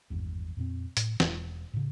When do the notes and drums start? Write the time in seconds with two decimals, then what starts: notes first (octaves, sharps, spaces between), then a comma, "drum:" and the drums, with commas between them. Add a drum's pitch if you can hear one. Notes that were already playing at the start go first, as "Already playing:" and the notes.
0.10 G#1 E2 G2
0.57 F2 A#2 C4
0.97 A2, drum: hi-hat
1.20 E1, drum: snare
1.73 A2 C#3